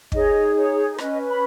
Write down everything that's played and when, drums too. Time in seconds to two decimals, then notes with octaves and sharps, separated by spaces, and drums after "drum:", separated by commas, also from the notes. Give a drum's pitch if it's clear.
0.12 D#4 G#4 C#5 D#5, drum: kick
0.56 C#5
0.98 C#4 B4 D#5, drum: rim click
1.28 B5